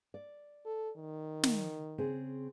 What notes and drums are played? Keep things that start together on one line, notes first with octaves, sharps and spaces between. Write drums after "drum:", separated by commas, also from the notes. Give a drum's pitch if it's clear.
D5
A4
D#3
drum: snare
C#3 C4 G#4